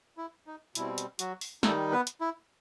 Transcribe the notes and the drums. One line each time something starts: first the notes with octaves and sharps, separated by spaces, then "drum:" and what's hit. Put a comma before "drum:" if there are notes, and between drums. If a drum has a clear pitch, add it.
E4
D#4
B2 G3 C4 E4, drum: hi-hat
drum: hi-hat
F#3 F#4, drum: hi-hat
drum: open hi-hat
D#3 G3 A3 D#4 A4, drum: snare
B3 B4
drum: hi-hat
E4